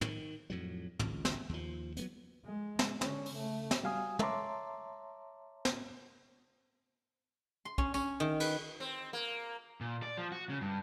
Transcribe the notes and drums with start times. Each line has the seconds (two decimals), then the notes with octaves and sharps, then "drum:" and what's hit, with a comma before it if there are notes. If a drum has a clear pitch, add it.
0.01 D#3, drum: tom
0.50 F2 A2 F#3
0.99 G#1 C#2, drum: tom
1.25 drum: snare
1.49 D#2 F3
1.97 F#3 A#3 B3, drum: hi-hat
2.46 G#3
2.79 drum: snare
3.01 D3 C#4, drum: snare
3.26 drum: open hi-hat
3.36 C#3 A3
3.71 drum: snare
3.83 G3 F#4 F5 G#5 D#6
4.19 C#5 E5 A5 A#5 C6 D6, drum: tom
5.65 drum: snare
7.65 C6
7.78 C#4, drum: kick
7.94 C#4, drum: tambourine
8.20 D#3
8.40 B4, drum: cymbal
8.80 C4
9.13 A#3
9.81 A#2
10.03 D5
10.17 F3
10.32 F#4
10.49 C#3
10.61 G2